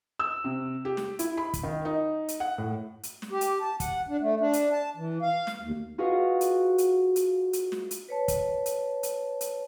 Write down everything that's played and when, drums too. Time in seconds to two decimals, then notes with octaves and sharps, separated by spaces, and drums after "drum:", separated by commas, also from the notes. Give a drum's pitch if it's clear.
0.19 E6
0.44 C3
0.85 G4
0.97 drum: snare
1.19 E4, drum: hi-hat
1.37 B5
1.53 drum: kick, hi-hat
1.63 D#3
1.85 D#4
2.28 drum: hi-hat
2.40 F#5
2.58 A2
3.03 drum: hi-hat
3.22 drum: snare
3.31 G4
3.41 drum: hi-hat
3.60 A5
3.80 F#5, drum: kick, hi-hat
4.09 D4
4.21 A3
4.40 D4
4.53 drum: hi-hat
4.72 A5
4.97 E3
5.22 F5
5.47 drum: snare
5.62 D#2
5.98 F4 F#4 G#4 B4 D#5 F5
6.41 drum: hi-hat
6.78 drum: hi-hat
7.16 drum: hi-hat
7.53 drum: hi-hat
7.72 drum: snare
7.91 drum: hi-hat
8.09 B4 C#5 A5
8.28 drum: kick, hi-hat
8.66 drum: hi-hat
9.03 drum: hi-hat
9.41 drum: hi-hat